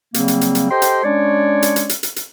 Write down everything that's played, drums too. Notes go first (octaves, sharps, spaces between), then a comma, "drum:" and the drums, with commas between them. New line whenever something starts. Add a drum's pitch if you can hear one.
C#3 F#3 G3 A#3 C4, drum: hi-hat
drum: hi-hat
drum: hi-hat
drum: hi-hat
G4 A4 C5 D#5 G5 C6
drum: hi-hat
G#3 C#4 D4 C#5 D5
drum: hi-hat
drum: hi-hat
drum: hi-hat
drum: hi-hat
drum: hi-hat